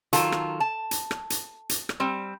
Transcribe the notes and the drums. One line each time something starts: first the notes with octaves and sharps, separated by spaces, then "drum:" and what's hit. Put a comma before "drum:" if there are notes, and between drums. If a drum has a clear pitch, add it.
D#3 F#3 F4 A4, drum: hi-hat
drum: rim click
A5
drum: hi-hat
drum: rim click
drum: hi-hat
drum: hi-hat
drum: rim click
G3 C4